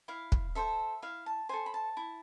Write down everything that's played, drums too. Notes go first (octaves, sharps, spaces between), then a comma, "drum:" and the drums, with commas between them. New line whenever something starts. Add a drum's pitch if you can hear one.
E4 F5
drum: kick
A4 C5 E5
E4 F5
A5
A4 C5 G#5
B5
A5
E4